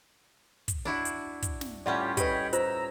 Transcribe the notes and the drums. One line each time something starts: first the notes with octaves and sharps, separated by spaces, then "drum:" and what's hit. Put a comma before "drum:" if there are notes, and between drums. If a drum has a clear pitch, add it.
drum: kick, hi-hat
D4 E4 F#4
drum: hi-hat
drum: kick, hi-hat
drum: snare
A2 G3 C#4 F4 G4 D5 E5 F#5
G4 B4 C#5 D#5 G5 B5, drum: kick, hi-hat
F4 C5 A#5 E6, drum: hi-hat